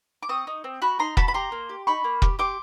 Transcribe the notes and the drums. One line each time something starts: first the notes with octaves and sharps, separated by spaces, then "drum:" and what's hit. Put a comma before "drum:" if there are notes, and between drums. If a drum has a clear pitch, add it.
D6
C4 C#6 D#6
D#4
C4
F#4 B5 C#6
D#4 A#5 C6
F#4 A5 B5, drum: kick
B5
G4 A#5 C6
A#3
G4
D#4 B5 C#6
A#3
G4, drum: kick
G4 C6 D6